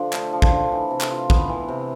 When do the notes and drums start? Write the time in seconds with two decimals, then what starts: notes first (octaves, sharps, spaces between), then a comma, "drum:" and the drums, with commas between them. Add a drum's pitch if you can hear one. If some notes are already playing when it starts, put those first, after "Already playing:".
Already playing: D3 F3
0.13 A3, drum: clap
0.33 F3
0.42 drum: kick A1
0.52 D3
0.72 E3
0.91 C3
1.01 drum: clap
1.11 F4
1.30 B3, drum: kick A1
1.49 E3
1.68 C3